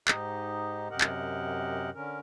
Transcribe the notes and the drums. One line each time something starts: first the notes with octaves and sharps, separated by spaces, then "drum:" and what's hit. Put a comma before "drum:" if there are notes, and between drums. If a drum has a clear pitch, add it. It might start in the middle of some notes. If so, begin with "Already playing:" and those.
G#2 D#4 G4 D#5, drum: clap
F#2 C3 G4 A#4 D#5 F#5
drum: clap
D3 C#4 A#4